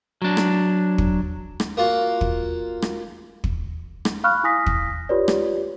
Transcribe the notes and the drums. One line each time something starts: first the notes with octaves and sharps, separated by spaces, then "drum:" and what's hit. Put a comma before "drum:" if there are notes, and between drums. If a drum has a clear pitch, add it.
F#3 D4
drum: rim click
drum: kick
drum: rim click
A#3 F4 F#4
drum: kick
drum: rim click
drum: kick
drum: rim click
F5 B5 C#6 F6 F#6
E4 G#5 D#6 A#6 B6
drum: kick
F4 G4 B4 C#5 D5
drum: rim click